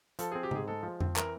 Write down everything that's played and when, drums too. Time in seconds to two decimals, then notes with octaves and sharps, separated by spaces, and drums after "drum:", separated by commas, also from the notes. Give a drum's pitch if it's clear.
0.19 F3 A4, drum: hi-hat
0.31 C4 G#4
0.43 G4
0.51 G#2 G#4, drum: tom C#3
0.68 G#3 A4
0.83 F3
1.00 C4, drum: tom F2
1.16 E3 A#4, drum: clap